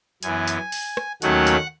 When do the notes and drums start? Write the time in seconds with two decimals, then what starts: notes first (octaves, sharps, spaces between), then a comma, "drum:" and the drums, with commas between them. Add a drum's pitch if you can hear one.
0.23 F#2 E3 B3 G#5, drum: hi-hat
0.48 drum: hi-hat
0.72 drum: open hi-hat
0.97 drum: rim click
1.22 D#2 D#3 F#3 A3 C#4 F#5, drum: hi-hat
1.47 drum: hi-hat